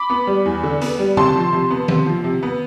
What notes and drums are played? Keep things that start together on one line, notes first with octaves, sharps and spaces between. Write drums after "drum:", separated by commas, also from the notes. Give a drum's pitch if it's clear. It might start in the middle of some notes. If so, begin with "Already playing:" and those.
Already playing: B5 D6
B3
G3
E2
D3
B3, drum: hi-hat
G3
C3 A5 C6, drum: tom C#3
F3
C3
B3
C3, drum: tom D#3
F3
C3
B3